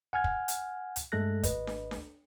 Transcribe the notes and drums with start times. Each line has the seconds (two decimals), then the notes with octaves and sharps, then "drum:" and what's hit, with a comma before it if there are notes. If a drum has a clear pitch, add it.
0.13 F#5 G#5 F6 G#6
0.24 drum: kick
0.48 drum: hi-hat
0.96 drum: hi-hat
1.12 G2 G#3 A3 A4 F#6 A#6
1.43 G#1 B4 D#5, drum: kick, hi-hat
1.67 drum: snare D4
1.91 drum: snare D4